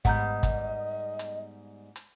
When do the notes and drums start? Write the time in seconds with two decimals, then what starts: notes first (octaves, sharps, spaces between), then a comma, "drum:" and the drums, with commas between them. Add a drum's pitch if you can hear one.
0.05 G#2 G3 B3 D#5 F#5 A#5 G6, drum: kick
0.43 drum: kick, hi-hat
1.19 drum: hi-hat
1.96 drum: hi-hat